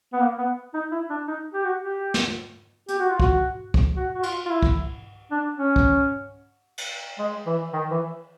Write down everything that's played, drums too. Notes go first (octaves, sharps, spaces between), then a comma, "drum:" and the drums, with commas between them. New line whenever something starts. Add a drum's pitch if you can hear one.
B3
A#3
B3
D#4
E4
D4
D#4
G4
F#4
G4
drum: snare
G4, drum: hi-hat
F#4
F4
F#4, drum: kick
drum: kick
F#4
F#4
F4, drum: cymbal
F4
E4
drum: kick
D4
C#4
drum: kick
drum: cymbal
G#3
E3
D#3
E3